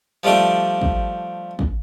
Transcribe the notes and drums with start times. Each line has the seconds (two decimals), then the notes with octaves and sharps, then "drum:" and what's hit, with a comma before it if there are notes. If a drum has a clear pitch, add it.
0.23 F3 G3 A3 D4 D#6
0.81 drum: kick
1.59 drum: kick